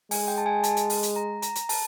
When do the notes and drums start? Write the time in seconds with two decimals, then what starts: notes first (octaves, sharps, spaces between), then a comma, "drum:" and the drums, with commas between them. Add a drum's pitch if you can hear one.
0.11 G#3 G#5, drum: open hi-hat
0.28 G5
0.38 A5
0.46 G#5
0.64 A5, drum: hi-hat
0.77 drum: hi-hat
0.90 drum: open hi-hat
1.03 drum: hi-hat
1.16 A#5
1.42 A#5, drum: hi-hat
1.55 drum: hi-hat
1.69 A5, drum: open hi-hat